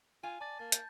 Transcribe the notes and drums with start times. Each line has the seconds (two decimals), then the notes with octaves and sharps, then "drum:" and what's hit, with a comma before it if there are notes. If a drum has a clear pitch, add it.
0.23 F4 G#5
0.41 D5 A5 A6
0.59 A#3 A6
0.72 G6, drum: hi-hat